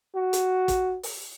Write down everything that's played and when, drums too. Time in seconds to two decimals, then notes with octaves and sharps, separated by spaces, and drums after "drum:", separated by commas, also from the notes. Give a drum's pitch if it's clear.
0.15 F#4
0.33 drum: hi-hat
0.68 drum: kick, hi-hat
1.03 drum: open hi-hat